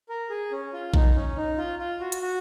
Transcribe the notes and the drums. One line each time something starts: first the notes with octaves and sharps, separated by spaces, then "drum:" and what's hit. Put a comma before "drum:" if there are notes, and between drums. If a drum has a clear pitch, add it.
A#4
G#4
C#4
F4
D#4, drum: kick A#1
C#4
D#4
F4
F4
F#4
drum: hi-hat
F#4